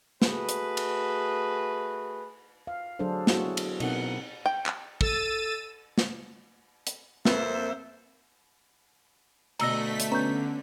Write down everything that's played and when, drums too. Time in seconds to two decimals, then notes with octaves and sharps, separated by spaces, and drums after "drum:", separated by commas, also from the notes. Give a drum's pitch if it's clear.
0.22 A3 F#4 G#4 B4, drum: snare
0.49 drum: hi-hat
0.77 drum: cymbal
2.67 F5
2.99 F#3 D4 G#4 A4 C5
3.27 B3 D4 E4 F#4 G#4, drum: snare
3.57 drum: cymbal
3.80 B2 B3 C4 D#4 A#4 F#5, drum: cymbal
4.46 G5
4.66 drum: clap
5.01 A4 E6 A6 D#7, drum: kick
5.98 drum: snare
6.87 drum: hi-hat
7.25 F2 A#3 C4 B4 C5 E5, drum: snare
9.59 D2 B2 A3 D#5 A#5 E6 A#6 B6, drum: cymbal
10.00 drum: hi-hat
10.12 D3 B3 C#4 A#5 C#6 G6